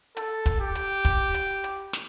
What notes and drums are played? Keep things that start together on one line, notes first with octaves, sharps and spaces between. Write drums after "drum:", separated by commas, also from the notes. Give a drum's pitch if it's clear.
A4, drum: hi-hat
drum: kick, hi-hat
G4
drum: hi-hat
drum: kick, hi-hat
drum: hi-hat
drum: hi-hat
drum: snare